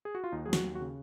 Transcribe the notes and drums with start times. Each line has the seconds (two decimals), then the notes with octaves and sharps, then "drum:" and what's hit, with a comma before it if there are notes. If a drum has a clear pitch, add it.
0.05 G#4
0.15 F#4
0.24 F4
0.32 D#2 D#4
0.46 F#3 G#4
0.53 F#4, drum: snare
0.64 D#2
0.75 F#4
0.81 C#3